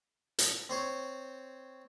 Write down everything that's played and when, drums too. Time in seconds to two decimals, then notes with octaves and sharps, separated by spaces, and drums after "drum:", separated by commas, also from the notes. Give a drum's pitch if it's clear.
0.39 drum: hi-hat
0.69 C4 C5 C#5